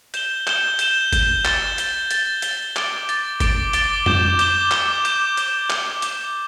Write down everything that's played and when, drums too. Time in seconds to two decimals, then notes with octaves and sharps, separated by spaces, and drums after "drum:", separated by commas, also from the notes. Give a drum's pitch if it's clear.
0.14 G6 E7 G7, drum: hi-hat
0.47 G6 E7 G7, drum: clap
0.79 G6 E7 G7, drum: hi-hat
1.13 G6 E7 G7, drum: kick G1, hi-hat
1.45 A6 G7, drum: clap
1.78 A6 G7, drum: hi-hat
2.11 A6 G7, drum: hi-hat
2.42 A6 G7, drum: hi-hat
2.76 D6 A6 D7 G7, drum: clap
3.09 D6 A6 D7 G7, drum: hi-hat
3.40 D6 A6 D7 G7, drum: kick G1, hi-hat
3.73 D6 A6 D7 G7, drum: hi-hat
4.06 D6 G6 E7 G7, drum: tom F2
4.39 D6 G6 E7 G7, drum: hi-hat
4.71 D6 G6 E7 G7, drum: clap
5.05 D6 G6 E7 G7, drum: hi-hat
5.37 D6 G6 E7 G7, drum: hi-hat
5.70 D6 G6 E7 G7, drum: clap
6.02 D6 G6 E7 G7, drum: hi-hat